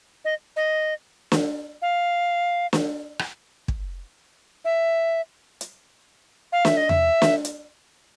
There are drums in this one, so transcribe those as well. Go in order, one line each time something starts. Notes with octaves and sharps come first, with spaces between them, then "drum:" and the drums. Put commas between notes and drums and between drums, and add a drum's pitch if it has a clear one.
D#5
D#5
drum: snare
F5
drum: snare
drum: rim click
drum: kick
E5
drum: hi-hat
F5
E5, drum: snare
D#5
E5, drum: tom E2
drum: snare
drum: hi-hat